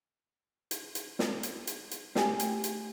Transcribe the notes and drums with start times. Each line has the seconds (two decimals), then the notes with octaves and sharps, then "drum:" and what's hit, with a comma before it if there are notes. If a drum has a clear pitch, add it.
0.71 drum: hi-hat
0.95 drum: hi-hat
1.19 drum: snare
1.43 drum: hi-hat
1.67 drum: hi-hat
1.91 drum: hi-hat
2.15 A3 G4 G5 G#5, drum: snare
2.40 drum: hi-hat
2.64 drum: hi-hat